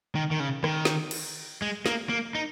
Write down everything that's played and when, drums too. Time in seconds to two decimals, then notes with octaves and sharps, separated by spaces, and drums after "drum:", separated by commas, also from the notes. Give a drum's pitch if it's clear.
0.15 D#3
0.31 D#3
0.40 C#3
0.64 D#3, drum: rim click
0.85 drum: snare
1.11 drum: cymbal
1.62 G#3
1.86 A#3, drum: snare
2.09 A#3
2.35 D#4